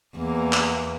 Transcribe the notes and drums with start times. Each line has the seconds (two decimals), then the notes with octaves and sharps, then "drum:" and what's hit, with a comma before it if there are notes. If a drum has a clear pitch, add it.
0.17 E2 A#3
0.53 drum: clap